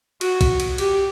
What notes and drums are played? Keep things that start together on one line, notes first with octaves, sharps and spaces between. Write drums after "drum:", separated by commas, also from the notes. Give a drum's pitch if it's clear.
F#4, drum: cymbal
drum: kick A#1, cymbal
drum: cymbal
G4, drum: cymbal